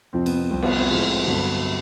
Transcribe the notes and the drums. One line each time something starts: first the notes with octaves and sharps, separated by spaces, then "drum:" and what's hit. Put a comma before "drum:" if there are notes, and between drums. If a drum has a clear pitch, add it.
F2 C3 F3 C4
B3, drum: cymbal
B3
C2 C3 F3 C4
B3, drum: cymbal
C4
A2 F3 G#3
G2 D3 F#3 B3